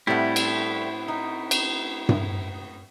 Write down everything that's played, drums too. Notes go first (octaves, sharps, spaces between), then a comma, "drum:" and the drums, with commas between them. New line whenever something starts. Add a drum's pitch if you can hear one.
A2 G3 A3 C4 E4 F#5
drum: cymbal
D#4
drum: cymbal
drum: tom G2